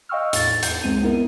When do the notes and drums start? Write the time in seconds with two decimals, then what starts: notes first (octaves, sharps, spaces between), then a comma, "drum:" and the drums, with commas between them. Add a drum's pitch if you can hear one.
0.09 D#5 F5 G5 C#6 E6 F6
0.33 E2 A2 D4 A6, drum: hi-hat
0.63 E2 G6, drum: hi-hat
0.83 C#2 F#2 G#3 C4 D#7
1.03 B3 D#4 E4 A#4